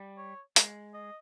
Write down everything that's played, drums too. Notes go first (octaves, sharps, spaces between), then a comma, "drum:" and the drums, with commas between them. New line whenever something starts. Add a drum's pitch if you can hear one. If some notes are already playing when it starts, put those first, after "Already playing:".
Already playing: G3
C#5
G#3, drum: hi-hat
D#5